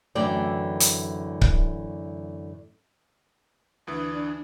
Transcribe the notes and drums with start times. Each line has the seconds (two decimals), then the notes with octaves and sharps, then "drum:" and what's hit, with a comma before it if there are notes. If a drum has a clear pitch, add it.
0.15 F#2 D3 E3 A3 D5 G5
0.80 drum: hi-hat
1.42 drum: kick C#1
3.87 D2 E3 D4 D#6